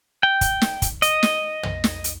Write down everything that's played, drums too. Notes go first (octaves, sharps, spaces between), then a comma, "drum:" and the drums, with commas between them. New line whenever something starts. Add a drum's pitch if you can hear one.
G5
drum: kick, hi-hat
drum: snare
drum: kick, hi-hat
D#5, drum: hi-hat
drum: snare
drum: tom
drum: snare
drum: hi-hat